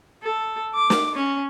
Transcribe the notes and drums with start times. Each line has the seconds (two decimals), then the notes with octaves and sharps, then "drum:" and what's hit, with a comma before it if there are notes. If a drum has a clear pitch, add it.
0.23 A4
0.75 D6
0.90 drum: snare
1.16 C#4